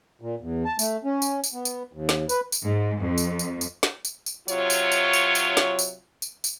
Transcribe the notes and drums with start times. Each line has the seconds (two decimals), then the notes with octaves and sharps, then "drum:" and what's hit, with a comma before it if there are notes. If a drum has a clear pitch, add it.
0.22 A#2
0.41 E2
0.65 A5
0.79 A3, drum: tambourine
1.04 C#4
1.22 drum: tambourine
1.44 drum: tambourine
1.54 B3
1.65 drum: tambourine
1.93 D#2
2.09 drum: snare
2.29 B4, drum: tambourine
2.52 drum: tambourine
2.66 G#2
3.02 F2
3.18 drum: tambourine
3.39 drum: tambourine
3.61 drum: tambourine
3.83 drum: snare
4.05 drum: tambourine
4.26 drum: tambourine
4.48 C3 F#3 F4 C#5, drum: tambourine
4.70 drum: tambourine
4.92 drum: tambourine
5.13 drum: tambourine
5.35 drum: tambourine
5.57 drum: snare
5.79 drum: tambourine
6.22 drum: tambourine
6.44 drum: tambourine